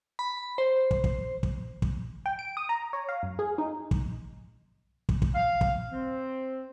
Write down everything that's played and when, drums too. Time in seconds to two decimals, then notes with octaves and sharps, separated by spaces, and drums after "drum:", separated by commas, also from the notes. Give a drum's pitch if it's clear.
0.19 B5
0.58 C5
0.91 drum: kick
1.04 drum: kick
1.43 drum: kick
1.82 drum: kick
2.26 G5
2.39 D7
2.57 D#6
2.69 A#5
2.93 C#5
3.09 F5
3.23 F#2
3.39 G#4
3.58 D#4
3.91 drum: kick
5.09 drum: kick
5.22 drum: kick
5.35 F5
5.61 drum: kick
5.92 C4